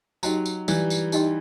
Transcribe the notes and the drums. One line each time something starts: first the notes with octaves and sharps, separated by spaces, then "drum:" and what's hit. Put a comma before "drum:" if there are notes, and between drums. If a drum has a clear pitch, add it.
F#3 D#4 G4 D#5 G5 C6, drum: tambourine
drum: tambourine
E3 G3, drum: tambourine
drum: tambourine
D#4 G4 D#5 G5 C6, drum: tambourine